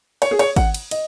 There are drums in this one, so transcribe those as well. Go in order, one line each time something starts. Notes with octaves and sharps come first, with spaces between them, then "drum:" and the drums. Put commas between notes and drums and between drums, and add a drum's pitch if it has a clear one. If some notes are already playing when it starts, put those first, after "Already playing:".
C#5, drum: cymbal
G#4
C#5, drum: cymbal
F#5, drum: kick G#1, cymbal
drum: cymbal
D#5, drum: cymbal